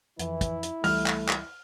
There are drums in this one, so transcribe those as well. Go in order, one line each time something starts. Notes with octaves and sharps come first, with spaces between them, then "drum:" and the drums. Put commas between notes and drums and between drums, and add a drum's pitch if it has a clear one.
F2 E3 E4, drum: hi-hat
drum: kick, hi-hat
drum: hi-hat
C#2 E3 G3 A3 F6, drum: open hi-hat
drum: clap
drum: clap